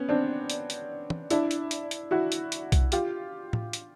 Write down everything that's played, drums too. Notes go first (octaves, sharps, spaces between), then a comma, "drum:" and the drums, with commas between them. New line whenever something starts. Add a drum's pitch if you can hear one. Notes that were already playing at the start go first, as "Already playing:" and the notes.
Already playing: B3 C#4
C4 D4
drum: hi-hat
drum: hi-hat
drum: tom
D4 E4, drum: hi-hat
drum: hi-hat
drum: hi-hat
drum: hi-hat
E4 F#4
drum: hi-hat
drum: hi-hat
drum: kick B1, hi-hat
F4 G4, drum: hi-hat
drum: tom A2
drum: hi-hat